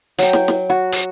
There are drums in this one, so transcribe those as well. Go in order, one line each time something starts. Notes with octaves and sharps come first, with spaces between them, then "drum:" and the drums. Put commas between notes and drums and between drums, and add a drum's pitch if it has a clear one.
F#3 G5, drum: hi-hat
drum: snare
drum: snare
F#4
drum: hi-hat